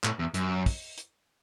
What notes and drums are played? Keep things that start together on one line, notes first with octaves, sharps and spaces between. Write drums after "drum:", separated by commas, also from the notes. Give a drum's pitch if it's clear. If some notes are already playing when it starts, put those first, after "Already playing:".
A2, drum: clap
E2
F#2, drum: hi-hat
drum: kick, open hi-hat
drum: hi-hat